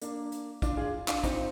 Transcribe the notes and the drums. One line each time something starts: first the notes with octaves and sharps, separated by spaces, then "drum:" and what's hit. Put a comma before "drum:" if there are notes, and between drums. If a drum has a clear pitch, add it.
A#3 D4, drum: hi-hat
drum: hi-hat
D4 F4, drum: kick, hi-hat
F4 G#4
D4 F4, drum: clap
C4 D#4, drum: kick, hi-hat